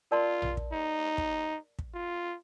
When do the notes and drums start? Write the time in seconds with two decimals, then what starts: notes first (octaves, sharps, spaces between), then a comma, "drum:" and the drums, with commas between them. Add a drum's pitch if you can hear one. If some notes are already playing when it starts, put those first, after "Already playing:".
0.11 F4 A#4 D5 A5 C6
0.42 drum: tom A#1
0.57 drum: kick
0.72 D#4
1.18 drum: kick
1.79 drum: kick
1.94 F4